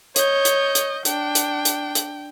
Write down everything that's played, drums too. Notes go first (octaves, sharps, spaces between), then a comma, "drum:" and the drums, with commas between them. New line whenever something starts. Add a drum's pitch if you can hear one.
C#5 D#5 G6, drum: hi-hat
drum: hi-hat
drum: hi-hat
D4 G5, drum: hi-hat
drum: hi-hat
drum: hi-hat
drum: hi-hat